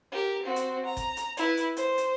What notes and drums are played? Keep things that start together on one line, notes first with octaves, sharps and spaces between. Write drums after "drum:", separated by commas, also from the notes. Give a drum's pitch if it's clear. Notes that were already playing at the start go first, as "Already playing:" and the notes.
G4 A#4
C4 F#4
drum: hi-hat
A#5
drum: kick G1, hi-hat
drum: hi-hat
E4 B4, drum: hi-hat
drum: hi-hat
C5, drum: hi-hat
drum: hi-hat